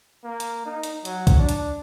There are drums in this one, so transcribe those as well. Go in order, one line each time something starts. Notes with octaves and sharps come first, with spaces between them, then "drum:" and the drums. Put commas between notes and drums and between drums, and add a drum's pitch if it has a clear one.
A#3
drum: hi-hat
D#4
drum: hi-hat
F#3, drum: hi-hat
drum: kick, hi-hat
D4
drum: hi-hat